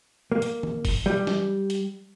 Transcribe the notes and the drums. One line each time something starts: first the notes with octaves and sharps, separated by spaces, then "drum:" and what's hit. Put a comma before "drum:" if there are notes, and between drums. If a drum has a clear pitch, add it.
A#3
drum: hi-hat
drum: tom D#3
drum: kick, open hi-hat
G3
drum: snare
drum: hi-hat